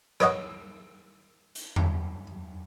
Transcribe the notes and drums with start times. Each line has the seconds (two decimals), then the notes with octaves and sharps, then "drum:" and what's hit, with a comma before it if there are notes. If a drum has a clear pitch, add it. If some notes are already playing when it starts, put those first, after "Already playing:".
0.20 B4 C#5 D#5 F#5, drum: rim click
1.55 drum: hi-hat
1.76 drum: tom E2